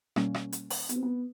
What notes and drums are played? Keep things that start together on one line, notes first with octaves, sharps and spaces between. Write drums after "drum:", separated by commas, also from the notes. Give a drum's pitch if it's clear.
B2 G3 A#3 C#4, drum: rim click
drum: rim click
drum: hi-hat
drum: open hi-hat
B3, drum: hi-hat
C4
B3